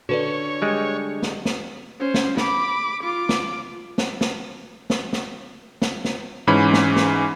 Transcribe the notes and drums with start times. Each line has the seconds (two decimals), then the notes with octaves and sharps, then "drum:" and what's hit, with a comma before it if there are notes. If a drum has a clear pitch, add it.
0.09 D3 F#4 B4 C#5 D5
0.62 G3 G#3
1.22 drum: snare
1.45 drum: snare
2.00 C#4 C5
2.14 drum: snare
2.37 B5 D6, drum: snare
3.03 F4 D6
3.29 drum: snare
3.98 drum: snare
4.21 drum: snare
4.90 drum: snare
5.13 drum: snare
5.82 drum: snare
6.05 drum: snare
6.47 G#2 E3 C#4 B5
6.73 drum: snare
6.96 drum: snare